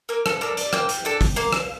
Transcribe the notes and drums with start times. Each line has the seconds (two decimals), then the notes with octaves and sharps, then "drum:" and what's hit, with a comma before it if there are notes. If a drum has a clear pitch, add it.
0.09 A#3 A#4
0.26 A4, drum: rim click
0.41 D4 A4 A#4
0.57 D5, drum: hi-hat
0.73 A#3 G5, drum: rim click
0.89 drum: hi-hat
1.05 D4 A4
1.21 drum: kick, open hi-hat
1.36 A#3 F5
1.53 drum: rim click